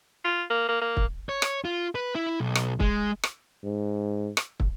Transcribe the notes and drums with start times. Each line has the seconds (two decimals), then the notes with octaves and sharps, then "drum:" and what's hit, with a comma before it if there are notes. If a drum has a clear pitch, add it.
0.25 F4
0.50 A#3
0.69 A#3
0.81 A#3
0.97 drum: kick
1.29 C#5
1.42 drum: rim click
1.65 F4
1.95 B4
2.15 E4
2.40 B1
2.55 drum: rim click
2.80 G#3, drum: kick
3.23 drum: rim click
3.64 G#2
4.37 drum: rim click
4.60 drum: kick